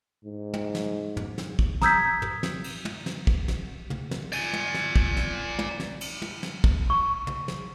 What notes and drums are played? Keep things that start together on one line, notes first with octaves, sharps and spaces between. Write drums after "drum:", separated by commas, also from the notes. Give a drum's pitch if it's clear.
G#2
drum: tom
drum: snare
drum: tom
drum: snare
drum: kick
A#5 D#6 E6 G6 G#6 B6, drum: snare
drum: tom
drum: snare
drum: cymbal
drum: tom
drum: snare
drum: kick
drum: snare
drum: tom
drum: snare
D5 G#5, drum: cymbal
drum: tom
drum: snare
drum: kick
drum: snare
drum: tom
drum: snare
drum: cymbal
drum: tom
drum: snare
drum: kick
C#6
drum: tom
drum: snare